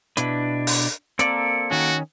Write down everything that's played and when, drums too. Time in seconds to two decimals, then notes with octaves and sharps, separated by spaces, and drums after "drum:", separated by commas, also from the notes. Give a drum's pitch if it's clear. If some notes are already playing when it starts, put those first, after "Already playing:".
0.17 B2 D4 E4 B4, drum: hi-hat
0.67 drum: open hi-hat
1.19 A#3 C4 A4 A#4 D5, drum: hi-hat
1.71 D#3 C#4 F#4